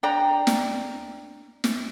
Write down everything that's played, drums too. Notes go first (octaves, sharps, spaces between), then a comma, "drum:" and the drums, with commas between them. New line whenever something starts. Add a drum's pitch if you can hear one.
D4 D5 G5 A#5
drum: snare
drum: snare